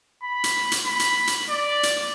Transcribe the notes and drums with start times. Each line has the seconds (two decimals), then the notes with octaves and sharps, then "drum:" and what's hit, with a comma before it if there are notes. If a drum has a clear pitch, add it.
0.23 B5
0.44 drum: hi-hat
0.72 drum: hi-hat
0.85 B5
0.99 drum: hi-hat
1.27 drum: hi-hat
1.50 D5
1.83 drum: hi-hat